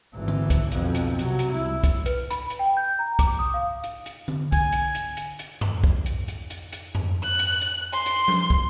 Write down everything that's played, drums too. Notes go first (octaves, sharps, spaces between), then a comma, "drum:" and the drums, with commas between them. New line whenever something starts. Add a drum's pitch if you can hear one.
G#1 E3
drum: tom D3
drum: kick, hi-hat
B1 F2, drum: hi-hat
drum: hi-hat
C3 F#3, drum: hi-hat
drum: hi-hat
C2 E4
drum: kick, hi-hat
B4, drum: hi-hat
B5, drum: hi-hat
drum: hi-hat
G5
G6
A#5
D6, drum: kick, hi-hat
D#6
F5
drum: hi-hat
drum: hi-hat
drum: tom D3
G#5, drum: kick, hi-hat
drum: hi-hat
drum: hi-hat
drum: hi-hat
drum: hi-hat
drum: tom F2
drum: kick
drum: hi-hat
drum: hi-hat
drum: hi-hat
drum: hi-hat
drum: tom F2
F#6
drum: hi-hat
drum: hi-hat
C6
drum: hi-hat
drum: tom F3
drum: kick